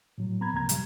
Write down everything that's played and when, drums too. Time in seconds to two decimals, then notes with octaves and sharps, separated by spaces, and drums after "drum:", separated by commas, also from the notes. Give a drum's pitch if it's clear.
0.18 A2 F#3
0.41 B3 A#5 B5 G#6
0.53 C#2 C3 F3 A#3 A#5 G#6
0.69 B2 G3, drum: hi-hat